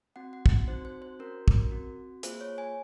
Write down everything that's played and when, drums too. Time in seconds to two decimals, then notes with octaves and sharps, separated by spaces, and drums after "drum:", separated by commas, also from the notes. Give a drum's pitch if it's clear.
0.16 C4 F#4 F#5
0.33 F#5
0.46 drum: kick
0.67 C4 D#4 F#4 C5
0.85 C5
1.02 C5
1.19 C#4 F#4 A#4
1.48 drum: kick
1.71 C4 F#4
2.23 A#3 F4 G#4 C5, drum: hi-hat
2.41 C#5
2.58 G#5